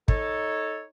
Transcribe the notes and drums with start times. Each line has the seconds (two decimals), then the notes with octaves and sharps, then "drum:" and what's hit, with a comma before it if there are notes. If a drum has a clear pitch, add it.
0.08 D#4 A4 C#5, drum: kick